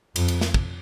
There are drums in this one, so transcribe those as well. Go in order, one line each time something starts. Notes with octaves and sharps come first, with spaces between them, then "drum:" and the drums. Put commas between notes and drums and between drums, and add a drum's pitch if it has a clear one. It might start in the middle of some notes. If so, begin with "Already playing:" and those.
F2, drum: cymbal
drum: cymbal
drum: snare
drum: kick